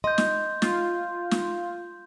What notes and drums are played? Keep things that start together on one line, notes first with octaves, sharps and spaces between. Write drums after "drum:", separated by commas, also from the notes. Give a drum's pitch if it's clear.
D#5 C6 G6
drum: snare
F4, drum: snare
drum: snare